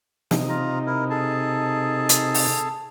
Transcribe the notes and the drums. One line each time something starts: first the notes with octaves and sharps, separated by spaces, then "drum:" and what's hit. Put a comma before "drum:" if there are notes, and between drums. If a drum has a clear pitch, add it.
C3 D#4, drum: snare
F4 A#5
E4 A#4
G#4 A4 A5
drum: hi-hat
drum: open hi-hat